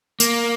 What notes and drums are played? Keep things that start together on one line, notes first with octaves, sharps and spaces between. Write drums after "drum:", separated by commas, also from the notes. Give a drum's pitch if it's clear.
A#3, drum: tambourine